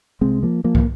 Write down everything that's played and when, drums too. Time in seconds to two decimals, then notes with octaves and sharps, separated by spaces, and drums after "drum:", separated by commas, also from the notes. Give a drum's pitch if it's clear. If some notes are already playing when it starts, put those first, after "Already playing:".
0.21 C2 C3 G#3 C4
0.43 F3 A#3
0.64 F3 A#3
0.75 drum: kick